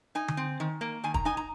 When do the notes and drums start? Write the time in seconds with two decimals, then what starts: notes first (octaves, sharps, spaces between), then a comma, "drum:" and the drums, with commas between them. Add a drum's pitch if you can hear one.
0.15 D#4 G#5
0.28 drum: tom D3
0.37 C4
0.60 D#3
0.81 A#3
1.04 D#3 G#5
1.14 A#5, drum: kick
1.25 D#4 G#5
1.37 A#5